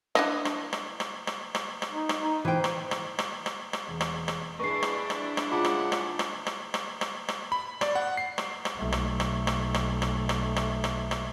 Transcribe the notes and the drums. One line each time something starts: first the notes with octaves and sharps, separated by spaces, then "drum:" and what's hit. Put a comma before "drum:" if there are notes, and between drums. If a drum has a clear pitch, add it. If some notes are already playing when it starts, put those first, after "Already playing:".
D4 E4 D#5, drum: rim click
drum: rim click
drum: rim click
drum: rim click
drum: rim click
drum: rim click
drum: rim click
D#4
drum: rim click
D#4
E3 C5 G5
drum: rim click
drum: rim click
drum: rim click
drum: rim click
drum: rim click
E1
drum: rim click
drum: rim click
D4 E4 G#4 B4 C#6 C7
drum: rim click
drum: rim click
drum: rim click
C#3 G#3 F4 F#5 A5 D6
drum: rim click
drum: rim click
drum: rim click
drum: rim click
drum: rim click
drum: rim click
drum: rim click
B5
D5, drum: rim click
F#5
C7
drum: rim click
drum: rim click
B1 A3
drum: rim click
drum: rim click
drum: rim click
drum: rim click
drum: rim click
drum: rim click
drum: rim click
drum: rim click
drum: rim click